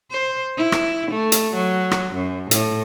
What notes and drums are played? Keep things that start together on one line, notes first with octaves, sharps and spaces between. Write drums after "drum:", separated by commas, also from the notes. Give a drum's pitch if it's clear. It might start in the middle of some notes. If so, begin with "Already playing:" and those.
C5
E4
drum: rim click
A3
drum: hi-hat
F#3
drum: rim click
F#2
A2, drum: hi-hat